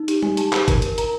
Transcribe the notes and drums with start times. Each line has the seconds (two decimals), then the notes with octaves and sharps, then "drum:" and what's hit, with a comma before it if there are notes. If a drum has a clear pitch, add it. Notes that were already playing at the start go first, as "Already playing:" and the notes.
Already playing: D#4
0.08 G4, drum: hi-hat
0.23 G4 G#5, drum: tom
0.37 G4 A5, drum: hi-hat
0.53 G4, drum: clap
0.68 A#4, drum: kick, hi-hat
0.82 A#4, drum: hi-hat
0.98 A#4 A#5, drum: hi-hat